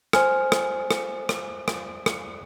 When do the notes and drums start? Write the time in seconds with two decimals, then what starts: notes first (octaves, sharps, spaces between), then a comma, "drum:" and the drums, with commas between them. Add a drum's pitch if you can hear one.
0.13 C5 G#5 F6, drum: rim click
0.52 drum: rim click
0.91 drum: rim click
1.29 drum: rim click
1.68 drum: rim click
2.06 drum: rim click